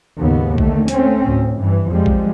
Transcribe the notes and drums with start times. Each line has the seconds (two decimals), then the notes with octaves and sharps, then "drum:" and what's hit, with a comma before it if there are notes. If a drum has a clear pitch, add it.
0.18 D#2 G#2 C#3 B3
0.58 D3 D#3 A3, drum: kick A#1
0.88 A3 C4 C#4, drum: hi-hat
1.26 D2 A2
1.58 G2 E3
1.89 F2 F3 G3 G#3
2.06 drum: kick A#1